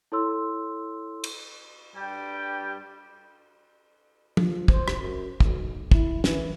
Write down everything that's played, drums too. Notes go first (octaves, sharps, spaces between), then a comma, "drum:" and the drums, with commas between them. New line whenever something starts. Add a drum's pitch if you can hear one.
E4 A4 C#5 C6 E6
drum: cymbal
G2 G3 G5
F3, drum: tom
C5, drum: kick
drum: rim click
F#2
B1, drum: kick
E4, drum: kick
E3, drum: snare